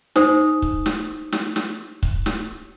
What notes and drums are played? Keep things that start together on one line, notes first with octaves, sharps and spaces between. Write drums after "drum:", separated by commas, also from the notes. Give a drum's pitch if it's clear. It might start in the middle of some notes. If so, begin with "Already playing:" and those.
D#4 C5 D#6, drum: snare
drum: kick C#1
drum: snare
drum: snare
drum: snare
drum: kick C#1
drum: snare